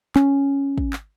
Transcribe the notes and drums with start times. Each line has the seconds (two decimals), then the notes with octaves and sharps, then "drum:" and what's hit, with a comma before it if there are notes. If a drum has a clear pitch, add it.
0.16 C#4, drum: clap
0.78 drum: kick
0.93 drum: clap